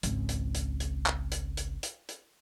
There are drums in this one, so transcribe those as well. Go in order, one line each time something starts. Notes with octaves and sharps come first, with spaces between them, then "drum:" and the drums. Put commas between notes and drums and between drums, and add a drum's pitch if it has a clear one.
G#1 C#2, drum: hi-hat
drum: hi-hat
drum: hi-hat
drum: hi-hat
drum: clap
drum: hi-hat
drum: hi-hat
drum: hi-hat
drum: hi-hat